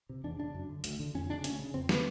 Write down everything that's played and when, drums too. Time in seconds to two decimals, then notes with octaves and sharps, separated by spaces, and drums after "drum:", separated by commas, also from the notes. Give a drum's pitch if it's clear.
0.09 C3
0.24 E2 D4
0.39 C#3 D4
0.54 F#2
0.69 D3
0.84 D2, drum: hi-hat
1.00 D3
1.14 F2 C#4
1.29 C#3 D4
1.44 D2 C#4, drum: hi-hat
1.59 C#3
1.74 F2 C4
1.89 D3 B3, drum: snare